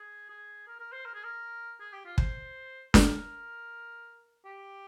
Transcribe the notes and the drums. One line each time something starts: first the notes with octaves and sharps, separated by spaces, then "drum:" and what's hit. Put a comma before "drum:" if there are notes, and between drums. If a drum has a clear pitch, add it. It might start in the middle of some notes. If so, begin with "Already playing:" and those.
Already playing: G#4
G#4
A#4
A#4
C5
A#4
G#4
A#4
G#4
G4
F4
C5, drum: kick
A#4, drum: snare
G4